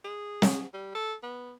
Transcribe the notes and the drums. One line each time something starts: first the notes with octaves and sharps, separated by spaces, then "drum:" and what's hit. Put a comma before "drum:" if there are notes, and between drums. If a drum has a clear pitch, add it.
G#4
drum: snare
G3
A4
B3